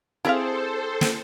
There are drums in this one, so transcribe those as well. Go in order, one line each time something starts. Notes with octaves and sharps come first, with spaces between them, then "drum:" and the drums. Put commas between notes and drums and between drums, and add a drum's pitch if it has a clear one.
C4 E4 G#4 A4 C5 D5 E5 F5
drum: snare